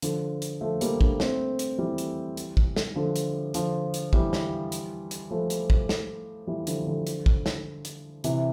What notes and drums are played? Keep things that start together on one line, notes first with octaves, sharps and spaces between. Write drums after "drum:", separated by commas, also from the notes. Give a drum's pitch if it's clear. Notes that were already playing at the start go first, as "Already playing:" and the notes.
D3 F3, drum: hi-hat
drum: hi-hat
F3 A3
G3 A#3, drum: hi-hat
A#3 D4, drum: kick
A3 C4, drum: snare
drum: hi-hat
E3 G3
drum: hi-hat
drum: hi-hat
drum: kick
drum: snare
D3 F3
drum: hi-hat
D3 F3, drum: hi-hat
drum: hi-hat
E3 G3, drum: kick
drum: snare
drum: hi-hat
drum: hi-hat
F3 A3
drum: hi-hat
drum: kick
drum: snare
E3 G3
D3 F3, drum: hi-hat
D3 F3
drum: hi-hat
drum: kick
drum: snare
drum: hi-hat
C3 E3, drum: hi-hat